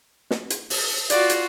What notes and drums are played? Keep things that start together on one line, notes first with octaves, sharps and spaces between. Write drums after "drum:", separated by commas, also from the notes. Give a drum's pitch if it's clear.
drum: snare
drum: hi-hat
drum: open hi-hat
F4 F#4 D5, drum: hi-hat
drum: hi-hat